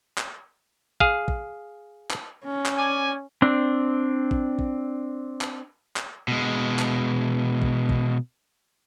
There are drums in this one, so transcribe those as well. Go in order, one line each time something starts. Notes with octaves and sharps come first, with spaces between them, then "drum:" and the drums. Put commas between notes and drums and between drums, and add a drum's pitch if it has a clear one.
drum: clap
G#4 F5, drum: kick
drum: kick
drum: clap
C#4
drum: clap
D5 G#5
C4 D4
drum: kick
drum: kick
drum: clap
drum: clap
B2 G#3
drum: clap
drum: kick
drum: kick